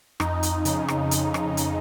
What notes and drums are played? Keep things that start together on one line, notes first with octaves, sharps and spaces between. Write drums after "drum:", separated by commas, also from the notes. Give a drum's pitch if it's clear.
F2 D#4, drum: rim click
drum: hi-hat
C#3, drum: hi-hat
drum: rim click
F2, drum: hi-hat
drum: rim click
C#3, drum: hi-hat